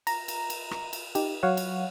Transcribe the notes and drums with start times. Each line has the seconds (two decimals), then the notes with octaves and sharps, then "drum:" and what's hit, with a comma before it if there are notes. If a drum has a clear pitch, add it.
0.07 A#5, drum: cymbal
0.28 drum: cymbal
0.50 drum: cymbal
0.71 drum: rim click
0.93 drum: cymbal
1.15 D#4 G4, drum: cymbal
1.43 F#3 C#5 F5 F#5
1.57 drum: cymbal